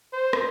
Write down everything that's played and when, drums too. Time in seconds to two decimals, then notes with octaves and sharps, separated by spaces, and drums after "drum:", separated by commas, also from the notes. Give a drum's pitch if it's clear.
0.13 C5
0.33 drum: rim click